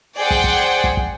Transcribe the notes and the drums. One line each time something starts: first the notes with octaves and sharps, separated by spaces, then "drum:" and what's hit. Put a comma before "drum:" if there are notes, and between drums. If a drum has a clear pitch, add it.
G#4 C5 D5 F#5 G5
drum: kick
drum: kick
drum: kick
drum: kick